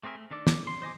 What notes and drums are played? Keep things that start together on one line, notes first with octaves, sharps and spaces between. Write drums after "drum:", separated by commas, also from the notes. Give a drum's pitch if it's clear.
A3 C4 G#4 A#4 E5
A3
D#3 D4 A4 D5
D6, drum: snare
C6
C5 D#5 G#5 D6